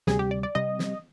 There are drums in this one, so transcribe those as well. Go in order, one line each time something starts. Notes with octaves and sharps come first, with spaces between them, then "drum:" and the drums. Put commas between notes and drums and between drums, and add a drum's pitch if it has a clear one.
D2 C3 G3 G#4, drum: snare
G4
D5
D5
C3 G3 D#5
drum: snare